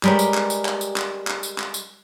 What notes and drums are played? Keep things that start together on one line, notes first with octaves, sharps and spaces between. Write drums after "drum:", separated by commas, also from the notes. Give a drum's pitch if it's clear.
G3 G#3 G4 A#4 B4 C#5, drum: clap
drum: tambourine
drum: clap
drum: tambourine
drum: clap
drum: tambourine
drum: clap
drum: clap
drum: tambourine
drum: clap
drum: tambourine